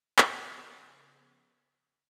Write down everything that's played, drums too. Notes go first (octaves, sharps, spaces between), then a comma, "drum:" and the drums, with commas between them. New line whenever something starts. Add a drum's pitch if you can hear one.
C#3 F3 B3, drum: clap